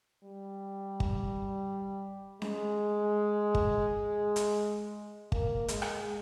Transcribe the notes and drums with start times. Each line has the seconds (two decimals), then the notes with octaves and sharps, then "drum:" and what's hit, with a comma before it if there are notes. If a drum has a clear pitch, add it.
0.23 G3
1.00 drum: kick
2.42 G#3, drum: snare C#4
3.55 drum: kick
4.36 drum: hi-hat
5.32 A#3, drum: kick
5.68 G#3, drum: hi-hat
5.82 drum: rim click